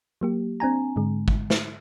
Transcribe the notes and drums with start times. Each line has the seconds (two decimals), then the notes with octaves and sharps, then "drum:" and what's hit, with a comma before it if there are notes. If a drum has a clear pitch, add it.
0.21 F#3 A#3 G4
0.60 C4 D4 G#5 A#5
0.96 G#2 D3 G#3
1.28 drum: kick
1.50 drum: snare